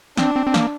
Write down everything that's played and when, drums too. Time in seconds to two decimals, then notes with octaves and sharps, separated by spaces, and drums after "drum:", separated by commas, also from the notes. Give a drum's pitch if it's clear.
0.17 C4 D4, drum: snare
0.36 C4
0.47 C4
0.54 A#3, drum: snare